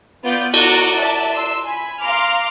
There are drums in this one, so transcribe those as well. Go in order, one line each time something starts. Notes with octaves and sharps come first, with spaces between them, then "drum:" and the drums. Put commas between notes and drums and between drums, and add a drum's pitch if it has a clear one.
B3 F4 D5 G6
F#4 A#5 C#6 D6 F#6 A6, drum: cymbal
D5 E5 A5
C6 E6
G#5 B5
F5 A#5 C6 D6 F6